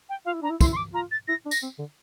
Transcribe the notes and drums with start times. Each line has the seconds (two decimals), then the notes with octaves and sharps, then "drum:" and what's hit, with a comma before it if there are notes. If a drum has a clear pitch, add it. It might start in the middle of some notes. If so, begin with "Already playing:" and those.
0.09 G5
0.25 F4 F5
0.34 E4
0.42 D4 A#5
0.50 E4
0.61 E4 C6, drum: kick, tambourine
0.72 C6
0.77 D6
0.94 F4 A#5
1.11 A6
1.28 E4 A#6
1.46 D4
1.51 A#6, drum: tambourine
1.63 C4
1.79 D3